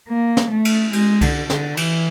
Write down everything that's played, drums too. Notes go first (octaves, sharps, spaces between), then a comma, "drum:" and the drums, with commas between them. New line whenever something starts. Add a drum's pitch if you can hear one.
A#3
drum: snare
A3
drum: cymbal
G#3, drum: cymbal
D3, drum: kick C2, cymbal
D3, drum: snare
E3, drum: cymbal